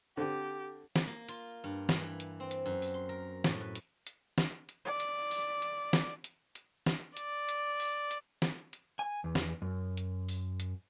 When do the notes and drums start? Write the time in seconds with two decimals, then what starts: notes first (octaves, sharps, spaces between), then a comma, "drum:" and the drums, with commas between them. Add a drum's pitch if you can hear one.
0.17 D3 C4 G4
0.96 drum: snare
1.07 A#3
1.29 F4, drum: hi-hat
1.64 G2
1.89 drum: snare
1.99 E3
2.20 drum: hi-hat
2.40 C4
2.51 drum: hi-hat
2.66 F#2
2.82 drum: open hi-hat
2.94 C6
3.09 A#4
3.44 A2, drum: snare
3.61 B4
3.75 drum: hi-hat
4.07 drum: hi-hat
4.38 drum: snare
4.69 drum: hi-hat
4.85 D5
5.00 drum: hi-hat
5.31 drum: open hi-hat
5.62 drum: hi-hat
5.93 drum: snare
6.24 drum: hi-hat
6.55 drum: hi-hat
6.86 drum: snare
7.17 D5, drum: hi-hat
7.49 drum: hi-hat
7.80 drum: open hi-hat
8.11 drum: hi-hat
8.42 drum: snare
8.73 drum: hi-hat
8.99 G#5
9.24 E2
9.35 drum: snare
9.62 F#2
9.97 drum: hi-hat
10.29 drum: open hi-hat
10.60 drum: hi-hat